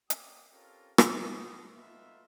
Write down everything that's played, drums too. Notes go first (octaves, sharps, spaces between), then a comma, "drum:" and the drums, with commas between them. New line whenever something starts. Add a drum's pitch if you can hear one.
A#3 C#4 F#4 G5 D6 D#6, drum: hi-hat
C4 C#4 F4 G4 A4 A#4
drum: rim click
G4 A4 F#5 D#6
D#4 F4 F#4 A4 B4 E5